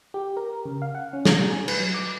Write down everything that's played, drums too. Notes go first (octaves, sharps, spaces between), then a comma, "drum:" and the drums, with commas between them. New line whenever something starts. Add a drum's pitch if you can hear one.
G4
A#4
C#3
F5
F#5
C#4
drum: snare
G3
G#5
B4, drum: cymbal
F#3
D6